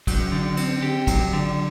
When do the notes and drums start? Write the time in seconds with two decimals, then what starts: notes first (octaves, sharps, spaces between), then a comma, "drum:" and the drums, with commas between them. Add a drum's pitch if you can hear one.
0.07 F#3, drum: kick, cymbal
0.32 D3
0.57 C4, drum: cymbal
0.83 G4
1.07 F#3, drum: kick, cymbal
1.33 D3